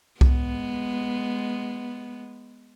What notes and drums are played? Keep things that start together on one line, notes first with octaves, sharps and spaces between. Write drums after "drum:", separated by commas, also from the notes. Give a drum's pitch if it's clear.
G#3 B3, drum: kick C2